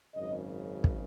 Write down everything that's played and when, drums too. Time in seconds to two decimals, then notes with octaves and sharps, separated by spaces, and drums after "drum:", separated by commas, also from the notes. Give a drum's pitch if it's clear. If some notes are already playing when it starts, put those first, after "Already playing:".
0.15 G#1 F#2 C#3 D#5
0.84 drum: kick